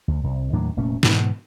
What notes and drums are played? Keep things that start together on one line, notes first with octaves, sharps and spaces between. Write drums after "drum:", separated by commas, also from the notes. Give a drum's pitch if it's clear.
D2
C2
D#2 A2 F#3 D4
F1 A#2 A3 C#4
G#2 B2 D3 E3, drum: snare